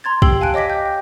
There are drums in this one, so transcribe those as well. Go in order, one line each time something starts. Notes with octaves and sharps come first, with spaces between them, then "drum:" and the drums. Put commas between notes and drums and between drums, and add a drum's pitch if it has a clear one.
A#5 C6 G#6 A6
G4 G5 E6 C7 F#7 G7, drum: kick
F5 G#5 A5 F#6 D7
C#5 D#5 D6 A#6 B6
G5 G6
G5